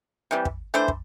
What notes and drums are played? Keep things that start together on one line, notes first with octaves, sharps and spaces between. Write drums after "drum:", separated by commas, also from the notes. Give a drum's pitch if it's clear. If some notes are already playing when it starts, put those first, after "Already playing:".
C3 E3 G3
drum: kick
E3 A3 D4 C5
drum: kick